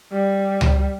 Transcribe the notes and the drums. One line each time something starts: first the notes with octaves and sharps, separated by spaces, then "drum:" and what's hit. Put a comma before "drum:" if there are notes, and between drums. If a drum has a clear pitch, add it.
G3
drum: tom C#2